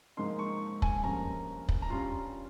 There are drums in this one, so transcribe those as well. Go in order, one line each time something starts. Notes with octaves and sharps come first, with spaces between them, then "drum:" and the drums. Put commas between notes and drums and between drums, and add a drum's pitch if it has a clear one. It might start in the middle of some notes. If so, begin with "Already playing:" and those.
G#2 F3 A#3 D#4 C6
C#6
G#5, drum: kick
G2 F3 A#3 C#4 A#5
drum: kick
A#5
G2 G3 C#4 F4 C6